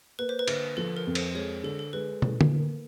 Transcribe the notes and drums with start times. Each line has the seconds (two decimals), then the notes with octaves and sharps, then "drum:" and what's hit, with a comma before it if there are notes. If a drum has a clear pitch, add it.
0.19 A#3 B4
0.29 C5
0.39 B4
0.47 D3, drum: cymbal
0.77 F3 A4
0.97 A#4
1.07 F2
1.15 C5, drum: cymbal
1.35 G#3 C#5
1.64 D3 A4
1.79 A4
1.93 G#3 B4
2.22 A2, drum: tom
2.41 drum: tom D3
2.51 A#3